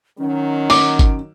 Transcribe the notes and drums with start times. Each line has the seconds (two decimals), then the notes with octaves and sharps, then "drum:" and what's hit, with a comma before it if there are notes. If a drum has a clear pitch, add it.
0.19 D#3 F#3 C#4
0.70 D6, drum: open hi-hat
0.99 drum: kick G1, hi-hat